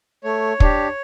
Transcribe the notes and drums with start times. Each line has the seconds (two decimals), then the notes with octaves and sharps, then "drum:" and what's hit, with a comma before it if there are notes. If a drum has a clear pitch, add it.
0.24 A3 C#5
0.60 D4 G4, drum: kick